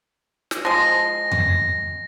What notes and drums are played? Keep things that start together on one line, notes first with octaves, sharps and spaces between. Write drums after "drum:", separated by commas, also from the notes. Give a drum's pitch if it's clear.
drum: snare
F3 G#3 A#6
drum: tom F2